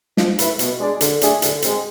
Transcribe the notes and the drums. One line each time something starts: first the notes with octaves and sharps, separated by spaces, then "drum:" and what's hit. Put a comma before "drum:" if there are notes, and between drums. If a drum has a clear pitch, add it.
F3, drum: snare
A3 E4 B4 E5, drum: hi-hat
B2, drum: hi-hat
G#3 D4 G#4 D5
D3, drum: hi-hat
A3 D4 G#4, drum: hi-hat
D3, drum: hi-hat
G#3 C4, drum: hi-hat